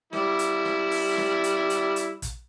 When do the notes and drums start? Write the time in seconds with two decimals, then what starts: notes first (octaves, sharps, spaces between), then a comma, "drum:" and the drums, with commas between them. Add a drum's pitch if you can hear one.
0.13 G3 E4, drum: snare
0.39 drum: hi-hat
0.65 drum: snare
0.91 drum: open hi-hat
1.17 drum: snare
1.44 drum: hi-hat
1.70 drum: hi-hat
1.96 drum: hi-hat
2.22 drum: kick, hi-hat